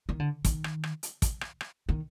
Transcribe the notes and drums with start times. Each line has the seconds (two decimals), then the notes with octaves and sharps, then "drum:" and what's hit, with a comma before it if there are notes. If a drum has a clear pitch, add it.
0.09 D#3
0.20 D3
0.45 D#3, drum: kick, hi-hat
0.64 drum: rim click
0.84 drum: rim click
1.03 drum: hi-hat
1.22 drum: kick, hi-hat
1.41 drum: rim click
1.61 drum: rim click
1.89 D#3